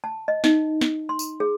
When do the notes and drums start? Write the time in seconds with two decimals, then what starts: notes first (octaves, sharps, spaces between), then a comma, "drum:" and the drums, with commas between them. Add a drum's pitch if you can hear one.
0.04 A5
0.28 D#5
0.44 D#4, drum: snare
0.81 drum: snare
1.09 C6
1.19 drum: tambourine
1.40 G#4